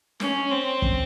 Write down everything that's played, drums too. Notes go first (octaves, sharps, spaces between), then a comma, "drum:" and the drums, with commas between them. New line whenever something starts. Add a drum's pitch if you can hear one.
C#4, drum: snare
C4
drum: kick